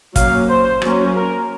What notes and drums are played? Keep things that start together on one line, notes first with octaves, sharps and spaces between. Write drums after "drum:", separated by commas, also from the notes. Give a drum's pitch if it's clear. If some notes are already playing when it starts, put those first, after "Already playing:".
F#3 A#3 C#4 F5, drum: kick, hi-hat
C5
F#3 A#3 C#4, drum: rim click
A#4